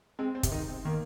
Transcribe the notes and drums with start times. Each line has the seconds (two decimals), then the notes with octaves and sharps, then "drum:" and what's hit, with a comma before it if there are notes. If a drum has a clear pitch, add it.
0.19 G#3 C4
0.35 C4
0.43 C3, drum: kick, hi-hat
0.51 D#3 D#4
0.68 C4
0.85 D#3 A#3